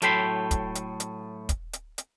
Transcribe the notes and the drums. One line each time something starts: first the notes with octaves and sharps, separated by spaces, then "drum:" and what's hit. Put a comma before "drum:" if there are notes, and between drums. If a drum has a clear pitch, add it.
A2 F#3 A4 G5 B5 C6, drum: hi-hat
drum: kick, hi-hat
drum: hi-hat
drum: hi-hat
drum: kick, hi-hat
drum: hi-hat
drum: hi-hat